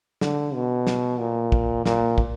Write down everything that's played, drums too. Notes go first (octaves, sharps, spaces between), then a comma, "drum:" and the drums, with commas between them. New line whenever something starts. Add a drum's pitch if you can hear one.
D3, drum: snare
B2
drum: snare
A#2
drum: kick
A#2, drum: snare
drum: kick